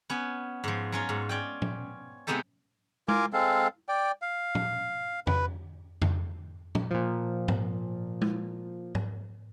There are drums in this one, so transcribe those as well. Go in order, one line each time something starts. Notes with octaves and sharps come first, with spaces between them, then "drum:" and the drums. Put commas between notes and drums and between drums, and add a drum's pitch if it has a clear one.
B3 C#4
G#2 F3
F#3 C#4 F4
G#2
C#4 D5 G5
drum: tom
C3 G#3 B3 D#4 G4 A4
F4 A#4 G#5 D6, drum: tom G#3
G#3 C4 A4 F5
D5 G5
F5
drum: tom
B4, drum: tom F2
drum: tom F2
drum: tom
A#2 F3
drum: tom G#2
drum: tom G#3
drum: tom G#2